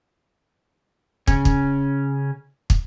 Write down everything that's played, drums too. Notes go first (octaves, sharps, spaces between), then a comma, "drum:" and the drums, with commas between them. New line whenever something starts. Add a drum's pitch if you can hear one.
C#3 C#4, drum: kick
drum: kick
drum: kick